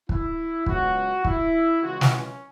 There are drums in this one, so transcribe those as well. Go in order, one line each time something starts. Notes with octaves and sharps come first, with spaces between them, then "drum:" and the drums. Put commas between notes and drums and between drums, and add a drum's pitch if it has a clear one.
E4, drum: kick
C#2 B2 F#3 F#4, drum: kick
E4, drum: kick
C#2 C#3 E3 G#3 F#4
drum: snare
C#4